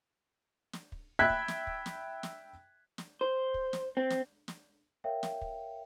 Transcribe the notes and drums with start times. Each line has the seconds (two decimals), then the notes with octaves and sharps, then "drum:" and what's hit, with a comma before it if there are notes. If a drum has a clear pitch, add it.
0.73 drum: snare
0.92 drum: kick
1.19 E5 G5 B5 F#6 G#6 B6
1.30 drum: kick
1.48 drum: snare
1.67 drum: kick
1.86 drum: snare
2.23 drum: snare
2.98 drum: snare
3.21 C5
3.54 drum: kick
3.73 drum: snare
3.97 C4
4.10 drum: snare
4.48 drum: snare
5.04 A#4 C#5 E5 F5 G5
5.23 drum: snare
5.41 drum: kick